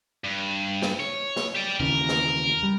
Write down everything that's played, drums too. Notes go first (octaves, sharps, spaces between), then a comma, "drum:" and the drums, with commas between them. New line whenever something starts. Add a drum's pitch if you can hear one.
G2
drum: snare
C#5
drum: snare
G4 D5
D#2 C#3 E3 A#4
drum: snare
G3